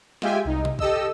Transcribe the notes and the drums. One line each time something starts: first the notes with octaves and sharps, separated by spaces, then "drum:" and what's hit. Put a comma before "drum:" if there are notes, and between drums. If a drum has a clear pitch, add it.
G#3 F4 G4 E5 G5 G#5, drum: snare
C2 D#4
drum: tom C3
G4 A4 D#5 E6, drum: kick